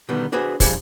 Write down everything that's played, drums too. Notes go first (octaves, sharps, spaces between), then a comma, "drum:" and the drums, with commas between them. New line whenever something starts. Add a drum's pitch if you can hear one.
B2 D3 D#3 G3 B3
D4 F#4 G#4 B4 C5
F2 F3 G3 D4 G#4 C5, drum: kick, open hi-hat